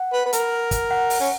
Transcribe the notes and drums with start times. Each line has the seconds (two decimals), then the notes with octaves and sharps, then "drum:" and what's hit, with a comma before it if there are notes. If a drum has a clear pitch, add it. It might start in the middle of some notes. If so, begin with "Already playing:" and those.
Already playing: F#5
0.13 B4
0.26 B4
0.33 A#4, drum: hi-hat
0.71 drum: kick, hi-hat
0.91 F#5
1.10 drum: open hi-hat
1.20 C#4